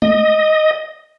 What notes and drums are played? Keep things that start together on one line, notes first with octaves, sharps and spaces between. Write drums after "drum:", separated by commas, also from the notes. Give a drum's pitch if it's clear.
D#5, drum: tom G#3